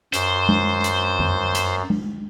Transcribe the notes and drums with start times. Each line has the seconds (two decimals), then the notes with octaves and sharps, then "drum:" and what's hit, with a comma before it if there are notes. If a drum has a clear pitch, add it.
0.13 F#2 C5, drum: hi-hat
0.49 drum: tom G#3
0.84 drum: hi-hat
1.19 drum: tom F2
1.55 drum: hi-hat
1.90 drum: tom G#3